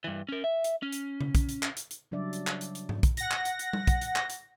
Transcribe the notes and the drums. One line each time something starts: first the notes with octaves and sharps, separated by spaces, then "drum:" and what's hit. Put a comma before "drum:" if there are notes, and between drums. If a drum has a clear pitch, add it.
G2 E3
C#4 A#4
E5
drum: hi-hat
C#4
drum: hi-hat
drum: tom C#3
drum: kick, hi-hat
drum: hi-hat
drum: clap
drum: hi-hat
drum: hi-hat
C#3 F#3 G3 D4 D5 E5
drum: hi-hat
drum: clap
drum: hi-hat
drum: hi-hat
drum: tom G#2
drum: kick, hi-hat
F#5 A#6, drum: hi-hat
drum: clap
drum: hi-hat
drum: hi-hat
drum: tom G3
drum: kick, hi-hat
drum: hi-hat
drum: clap
drum: hi-hat